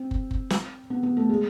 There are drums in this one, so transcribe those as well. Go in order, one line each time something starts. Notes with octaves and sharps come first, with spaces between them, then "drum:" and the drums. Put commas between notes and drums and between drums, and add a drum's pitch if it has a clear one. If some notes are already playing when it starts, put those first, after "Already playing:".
Already playing: C4
drum: kick
drum: kick
drum: snare
B3
B3
A3
G#3